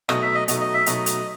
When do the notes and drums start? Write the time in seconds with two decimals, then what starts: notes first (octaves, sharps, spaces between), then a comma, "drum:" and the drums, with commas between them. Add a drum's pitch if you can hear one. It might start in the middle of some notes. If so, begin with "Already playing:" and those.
0.09 B2 F#3 A3 D#4 D#5, drum: rim click
0.22 E5
0.35 D#5
0.48 B2 F#3 A3 D#4 D#5, drum: hi-hat
0.61 D#5
0.74 E5
0.86 B2 F#3 A3 D#4 D#5, drum: hi-hat
1.06 drum: hi-hat